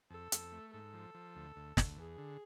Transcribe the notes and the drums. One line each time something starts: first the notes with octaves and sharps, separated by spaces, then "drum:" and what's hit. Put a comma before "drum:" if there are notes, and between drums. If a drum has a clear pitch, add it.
F2 A4
F2, drum: hi-hat
A3
G#2 A4
F3
F3
D2
D2
D2, drum: snare
E2 G#4
D3